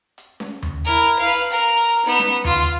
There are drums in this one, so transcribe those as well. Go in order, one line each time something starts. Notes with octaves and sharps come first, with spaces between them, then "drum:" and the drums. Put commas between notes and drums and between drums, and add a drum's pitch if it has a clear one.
drum: hi-hat
drum: snare C#4
drum: tom D#2
E4 A#4
drum: hi-hat
B4 F5
drum: hi-hat
A#4 A#5, drum: hi-hat
drum: hi-hat
drum: hi-hat
B3 D#4
drum: snare C#4
F4, drum: tom D#2
drum: hi-hat